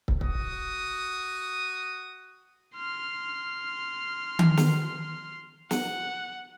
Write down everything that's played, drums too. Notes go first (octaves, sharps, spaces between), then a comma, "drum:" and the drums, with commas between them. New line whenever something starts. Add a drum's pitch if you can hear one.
drum: kick
F#4 D#6, drum: kick
C6 F6
drum: tom D#3
drum: snare
F#5, drum: snare